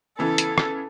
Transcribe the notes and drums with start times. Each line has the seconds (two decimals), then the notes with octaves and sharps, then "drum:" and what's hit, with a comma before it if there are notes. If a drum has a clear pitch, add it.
0.19 C#3 E3 B3 A4
0.38 drum: hi-hat
0.58 drum: rim click